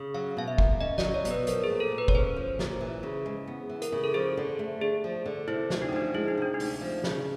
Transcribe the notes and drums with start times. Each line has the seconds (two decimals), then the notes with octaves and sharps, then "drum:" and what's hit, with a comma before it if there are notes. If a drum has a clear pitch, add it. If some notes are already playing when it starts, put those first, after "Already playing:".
Already playing: C#3
0.14 F#3 F5
0.37 B2 F5
0.48 E5
0.58 A#3, drum: kick
0.81 C#4 D#5
0.98 D5, drum: snare
1.03 F#3
1.14 C#5
1.25 B2, drum: hi-hat
1.31 B4
1.47 F3 A#4, drum: hi-hat
1.64 G#4
1.70 A#2
1.80 A4
1.92 A#3
1.98 B4
2.08 C#5, drum: kick
2.14 C#4 C5
2.36 F3
2.59 A#2, drum: snare
2.81 E3
3.03 C#3
3.26 G#3
3.47 B3
3.69 E3
3.82 A#4, drum: hi-hat
3.92 C#3
4.04 A4
4.14 F3 G#4
4.37 D3
4.59 A3
4.81 D4 G#4
5.04 F3
5.26 D3
5.48 C3 E4
5.70 D2, drum: snare
5.82 D#4
5.88 D4
5.92 F3 D#4
6.14 G#3 E4
6.28 D#4
6.37 C3 D4
6.54 D#4
6.60 D2, drum: open hi-hat
6.81 F3
7.04 C#3, drum: snare